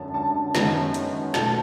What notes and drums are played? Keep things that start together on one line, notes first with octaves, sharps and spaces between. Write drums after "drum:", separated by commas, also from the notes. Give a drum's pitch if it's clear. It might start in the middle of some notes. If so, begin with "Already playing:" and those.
Already playing: G#1 F#2 D3 A5
A5
F#2 D#3 G#3 B3, drum: snare
drum: hi-hat
B1 B2 F#3 A3 A5, drum: snare